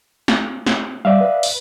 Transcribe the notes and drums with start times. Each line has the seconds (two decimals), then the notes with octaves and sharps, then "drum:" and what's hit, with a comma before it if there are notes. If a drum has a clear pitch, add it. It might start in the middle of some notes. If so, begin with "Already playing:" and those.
0.28 drum: snare
0.66 drum: snare
1.05 G3 D5 E5 F5
1.21 B4
1.43 drum: open hi-hat